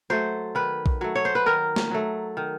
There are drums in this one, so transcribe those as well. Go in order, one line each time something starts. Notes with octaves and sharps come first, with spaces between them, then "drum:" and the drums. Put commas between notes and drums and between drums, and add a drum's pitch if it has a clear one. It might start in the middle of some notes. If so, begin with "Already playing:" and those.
F#3 A3 C5
D#3 B4
drum: kick A#1
F#3 A3
C#5
C5
B4
D#3 A#4
drum: snare
F#3 A3
D#3